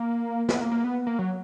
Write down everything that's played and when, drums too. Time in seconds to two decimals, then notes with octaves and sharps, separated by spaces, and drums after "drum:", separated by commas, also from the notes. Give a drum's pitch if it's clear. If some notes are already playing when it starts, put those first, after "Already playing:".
Already playing: A#3
0.49 B3, drum: snare
0.61 A#3
0.72 A#3
0.84 B3
1.07 A#3
1.19 F#3